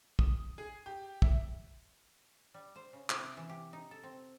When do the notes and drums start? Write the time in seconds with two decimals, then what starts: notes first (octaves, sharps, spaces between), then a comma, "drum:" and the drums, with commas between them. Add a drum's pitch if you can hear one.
0.19 D#6, drum: kick
0.58 G#4
0.86 G4
1.22 E5, drum: kick
2.54 G3
2.76 C5
2.93 C#3
3.10 C3, drum: clap
3.23 E4
3.37 E3
3.49 G4
3.73 D#4
3.91 A4
4.03 C4